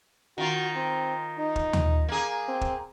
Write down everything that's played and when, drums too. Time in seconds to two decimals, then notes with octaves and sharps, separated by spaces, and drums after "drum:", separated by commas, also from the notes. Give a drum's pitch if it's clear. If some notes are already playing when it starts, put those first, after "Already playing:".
0.38 D#3 F4 F#4
0.76 C4
1.39 D#4
1.56 drum: kick
1.73 drum: tom D#2
2.09 A#3 G#4
2.48 C4
2.61 drum: kick